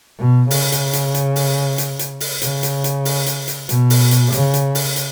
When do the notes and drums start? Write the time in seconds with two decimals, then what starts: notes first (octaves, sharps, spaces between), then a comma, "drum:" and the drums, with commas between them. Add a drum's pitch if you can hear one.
0.19 B2
0.51 C#3, drum: open hi-hat
0.72 drum: hi-hat
0.93 drum: hi-hat
1.14 drum: hi-hat
1.36 drum: open hi-hat
1.78 drum: hi-hat
1.99 drum: hi-hat
2.20 drum: open hi-hat
2.42 C#3, drum: hi-hat
2.63 drum: hi-hat
2.84 drum: hi-hat
3.05 drum: open hi-hat
3.26 drum: hi-hat
3.48 drum: hi-hat
3.69 B2, drum: hi-hat
3.90 drum: open hi-hat
4.11 drum: hi-hat
4.32 C#3, drum: hi-hat
4.54 drum: hi-hat
4.75 drum: open hi-hat
4.96 drum: hi-hat